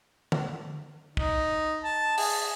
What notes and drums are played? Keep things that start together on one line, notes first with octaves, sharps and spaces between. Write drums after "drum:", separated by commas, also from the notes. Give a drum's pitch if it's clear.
drum: tom
D#4, drum: kick
A5
G#4, drum: open hi-hat